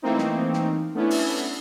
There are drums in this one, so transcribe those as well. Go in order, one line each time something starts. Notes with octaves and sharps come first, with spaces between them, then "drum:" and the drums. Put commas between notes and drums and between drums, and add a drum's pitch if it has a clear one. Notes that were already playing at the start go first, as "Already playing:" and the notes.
E3 A3 A#3 C4 D#4
drum: snare
drum: snare
A3 B3 C#4 D4 E4
drum: open hi-hat